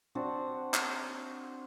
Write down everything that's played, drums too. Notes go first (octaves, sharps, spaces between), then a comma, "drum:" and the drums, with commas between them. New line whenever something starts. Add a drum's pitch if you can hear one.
C4 D4 F#4 F#5
drum: clap